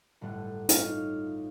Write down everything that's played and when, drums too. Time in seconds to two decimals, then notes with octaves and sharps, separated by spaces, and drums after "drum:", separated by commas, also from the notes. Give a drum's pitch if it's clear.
0.21 G1 A2 G3 F#5
0.69 D#4 F4 C#5 D#5 F5, drum: hi-hat